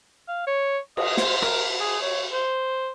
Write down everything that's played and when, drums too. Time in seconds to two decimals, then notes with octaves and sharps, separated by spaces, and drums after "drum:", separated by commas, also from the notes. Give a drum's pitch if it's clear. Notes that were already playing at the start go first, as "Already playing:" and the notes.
0.28 F5
0.47 C#5
0.97 D#5, drum: cymbal
1.17 C5, drum: snare
1.42 A#4, drum: rim click
1.80 G#4
2.02 C#5
2.33 C5